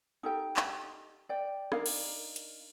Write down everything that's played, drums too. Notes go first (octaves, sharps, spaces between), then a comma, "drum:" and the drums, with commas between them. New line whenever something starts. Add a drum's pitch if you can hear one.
D#4 G4 A4 G5
drum: clap
D5 G5
D4 D#4 A#4 F5, drum: rim click
drum: cymbal
drum: hi-hat